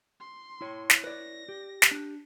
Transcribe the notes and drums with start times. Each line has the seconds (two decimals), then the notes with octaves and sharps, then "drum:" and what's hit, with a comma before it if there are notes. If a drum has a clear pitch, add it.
0.20 C6
0.61 E4 C#5
0.90 drum: snare
1.04 B4 D5 A#6
1.48 G4
1.82 drum: snare
1.91 D4